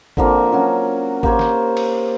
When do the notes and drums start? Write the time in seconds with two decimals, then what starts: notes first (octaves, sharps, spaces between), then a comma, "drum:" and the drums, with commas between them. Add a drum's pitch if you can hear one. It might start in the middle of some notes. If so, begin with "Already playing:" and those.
0.17 D3 F3 A#3 C4, drum: kick G#1
0.52 F#3 C#4 F#4
1.23 A#3 G4 C5 C#5, drum: kick G#1
1.39 drum: snare
1.77 drum: cymbal